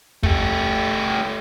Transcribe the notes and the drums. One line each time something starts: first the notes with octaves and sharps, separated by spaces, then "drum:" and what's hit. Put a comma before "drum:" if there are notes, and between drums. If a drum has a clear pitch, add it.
A3 G4, drum: kick